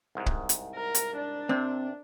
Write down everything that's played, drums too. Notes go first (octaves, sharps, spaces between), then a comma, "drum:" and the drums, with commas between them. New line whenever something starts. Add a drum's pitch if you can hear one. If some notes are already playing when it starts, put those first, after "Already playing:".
C2 G#2
drum: kick
drum: hi-hat
A#4
drum: hi-hat
D4
C3 C4